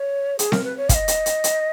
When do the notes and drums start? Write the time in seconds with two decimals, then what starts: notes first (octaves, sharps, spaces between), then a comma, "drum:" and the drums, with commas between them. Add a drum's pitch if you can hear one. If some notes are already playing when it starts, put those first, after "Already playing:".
Already playing: C#5
0.39 G#4, drum: hi-hat
0.52 A#4, drum: snare C4
0.64 B4
0.77 C#5
0.89 F5, drum: kick, hi-hat
0.94 D#5
1.08 drum: hi-hat
1.26 drum: hi-hat
1.44 drum: hi-hat